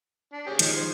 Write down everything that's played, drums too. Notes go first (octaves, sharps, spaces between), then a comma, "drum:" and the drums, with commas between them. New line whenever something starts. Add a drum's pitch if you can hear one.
D4
C#4 G4 G#4
D#3 F3 G#3 D#5, drum: hi-hat
C5